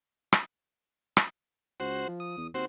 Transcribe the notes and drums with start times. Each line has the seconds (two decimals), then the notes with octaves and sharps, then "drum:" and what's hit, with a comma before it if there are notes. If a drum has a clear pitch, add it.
0.33 drum: rim click
1.17 drum: rim click
1.80 C#2 F#4 C5
2.08 F3
2.20 D#6
2.37 E2
2.54 D#2 C4 F#4 C5